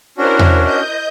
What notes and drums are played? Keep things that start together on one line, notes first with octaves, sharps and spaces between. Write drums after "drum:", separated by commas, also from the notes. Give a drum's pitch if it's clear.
C#4 D4 E4 F#4 A#4 C5
drum: tom E2
D#5 G6